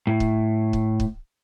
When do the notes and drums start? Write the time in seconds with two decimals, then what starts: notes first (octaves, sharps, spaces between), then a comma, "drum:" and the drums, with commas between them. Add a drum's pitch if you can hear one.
0.07 A2
0.20 drum: kick
0.73 drum: kick
1.00 drum: kick